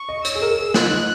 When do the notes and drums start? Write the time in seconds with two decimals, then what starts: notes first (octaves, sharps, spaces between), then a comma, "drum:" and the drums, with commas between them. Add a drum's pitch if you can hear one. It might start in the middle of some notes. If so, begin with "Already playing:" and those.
Already playing: C#6
0.09 D#5
0.25 C#5 E6, drum: hi-hat
0.35 G#4
0.42 A#4
0.59 G#4
0.74 D#4 F#6, drum: snare
0.91 D#4